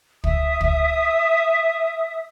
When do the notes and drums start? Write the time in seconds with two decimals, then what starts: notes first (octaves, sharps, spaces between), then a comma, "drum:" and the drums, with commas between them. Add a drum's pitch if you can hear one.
0.24 E5 D#6, drum: kick
0.61 drum: kick